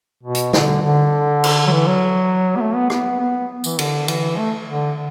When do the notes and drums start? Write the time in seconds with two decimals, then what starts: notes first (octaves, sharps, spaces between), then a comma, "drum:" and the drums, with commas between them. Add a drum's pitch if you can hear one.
0.23 B2
0.35 drum: hi-hat
0.53 D3, drum: snare
0.82 D3
1.44 drum: cymbal
1.67 F#3
1.71 E3
1.87 F#3
2.56 B3
2.61 A3
2.75 B3
2.90 B3, drum: rim click
3.20 B3
3.64 E3, drum: tambourine
3.79 D3, drum: cymbal
4.08 E3, drum: cymbal
4.37 A3
4.68 D3